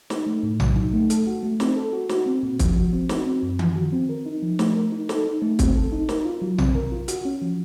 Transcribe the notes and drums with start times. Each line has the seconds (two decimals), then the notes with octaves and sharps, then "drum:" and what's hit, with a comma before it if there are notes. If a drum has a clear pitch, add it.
0.10 D#4, drum: snare
0.27 A3
0.43 A2
0.60 F#3, drum: tom A#1
0.76 D#4
0.93 A3
1.10 A4, drum: hi-hat
1.27 F#4
1.43 A3
1.60 C4, drum: snare
1.76 A4
1.93 F#4
2.09 F#4, drum: snare
2.26 C4
2.43 A#2
2.59 F3, drum: kick, hi-hat
2.76 F#4
2.93 C4
3.09 F#4, drum: snare
3.26 C4
3.43 F#2
3.59 F3, drum: tom D#3
3.76 F#4
3.92 C4
4.09 A#4
4.26 D#4
4.43 F3
4.59 A3, drum: snare
4.76 A#4
4.92 D#4
5.09 A4, drum: snare
5.26 D#4
5.42 A3
5.59 C4, drum: kick, hi-hat
5.75 A4
5.92 D#4
6.09 A#4, drum: snare
6.25 F4
6.42 F#3
6.58 C4, drum: tom A#1
6.75 A#4
6.92 F4
7.08 F#4, drum: hi-hat
7.25 C#4
7.42 F3